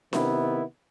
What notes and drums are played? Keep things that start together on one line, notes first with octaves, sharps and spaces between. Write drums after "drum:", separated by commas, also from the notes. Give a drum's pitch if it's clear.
C3 D#3 B3 E4, drum: snare D4